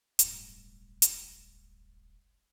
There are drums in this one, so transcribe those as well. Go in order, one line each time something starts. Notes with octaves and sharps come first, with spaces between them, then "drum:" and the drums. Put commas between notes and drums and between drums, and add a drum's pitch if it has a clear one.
D1 G1, drum: hi-hat
drum: hi-hat